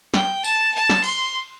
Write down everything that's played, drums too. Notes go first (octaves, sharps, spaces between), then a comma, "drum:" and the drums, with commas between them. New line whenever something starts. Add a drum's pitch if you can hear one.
G5, drum: snare
A5, drum: tambourine
A5
drum: snare
C6, drum: cymbal